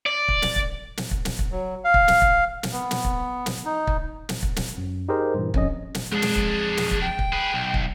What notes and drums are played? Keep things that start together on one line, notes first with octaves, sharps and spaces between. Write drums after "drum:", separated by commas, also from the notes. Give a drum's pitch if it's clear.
D5
drum: kick
drum: snare
drum: kick
drum: snare
drum: kick
drum: snare
drum: kick
F#3
F5
drum: kick
drum: snare
drum: kick
drum: snare
B3
drum: snare
drum: kick
drum: snare
D#4
drum: kick
drum: snare
drum: kick
drum: snare
F#2
D#4 G4 G#4 A#4 C5 D#5
G2 A#2 E3
B1 F2 C#4 D#5, drum: kick
drum: snare
F2 G#3 D4 G#4
drum: snare
drum: kick
drum: snare
drum: kick
G5
drum: kick
G#4 B4
B1
drum: kick